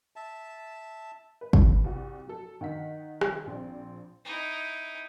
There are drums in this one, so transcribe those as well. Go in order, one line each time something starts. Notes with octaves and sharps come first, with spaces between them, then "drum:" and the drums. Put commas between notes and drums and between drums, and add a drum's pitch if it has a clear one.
E5 A5
B4
drum: kick
C2 F#4
F#3 A4
D#3 F#5 B6
drum: rim click
A#1 C4 D5
D#4 E4